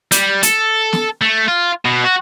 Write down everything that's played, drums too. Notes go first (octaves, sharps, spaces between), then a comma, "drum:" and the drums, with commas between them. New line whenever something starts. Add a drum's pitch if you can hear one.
G3, drum: hi-hat
A4, drum: hi-hat
drum: snare
A3
F4
B2
F#4